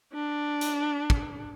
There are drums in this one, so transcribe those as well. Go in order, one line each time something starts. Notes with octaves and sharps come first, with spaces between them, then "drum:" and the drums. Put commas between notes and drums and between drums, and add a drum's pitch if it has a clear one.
D4
drum: hi-hat
drum: kick